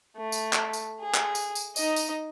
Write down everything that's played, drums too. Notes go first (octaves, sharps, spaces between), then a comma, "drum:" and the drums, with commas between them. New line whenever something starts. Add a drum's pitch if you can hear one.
A3
drum: tambourine
drum: clap
drum: tambourine
G#4
drum: clap
drum: tambourine
drum: tambourine
D#4 D#5, drum: tambourine
drum: tambourine